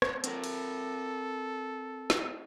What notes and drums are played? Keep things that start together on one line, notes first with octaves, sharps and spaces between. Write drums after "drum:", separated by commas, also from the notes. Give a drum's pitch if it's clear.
drum: rim click
C4 A4 A#4 C#5, drum: hi-hat
drum: cymbal
drum: snare